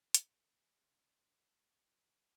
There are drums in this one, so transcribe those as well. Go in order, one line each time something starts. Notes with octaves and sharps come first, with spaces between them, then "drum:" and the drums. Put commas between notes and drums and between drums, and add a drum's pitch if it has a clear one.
G#4 A#4, drum: hi-hat
B1 A2 C#3 D4 E4 C6
F#3 F4 A#4